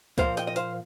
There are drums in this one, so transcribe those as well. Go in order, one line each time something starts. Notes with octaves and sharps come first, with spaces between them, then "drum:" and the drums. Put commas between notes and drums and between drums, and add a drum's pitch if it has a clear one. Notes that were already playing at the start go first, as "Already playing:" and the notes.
A#2 F3 A#3 C5 F5, drum: kick C#2, hi-hat
D#5 G5, drum: hi-hat
D#5
C5 F5, drum: hi-hat